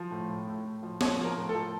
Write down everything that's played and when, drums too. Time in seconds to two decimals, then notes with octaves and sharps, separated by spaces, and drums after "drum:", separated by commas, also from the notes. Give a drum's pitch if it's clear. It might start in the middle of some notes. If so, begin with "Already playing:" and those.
Already playing: F3
0.11 A2
0.29 A2
0.47 A2
0.65 A2
0.83 F3
1.01 F3 C#5, drum: snare
1.19 F3
1.24 A#4
1.36 A2
1.49 A4
1.55 F3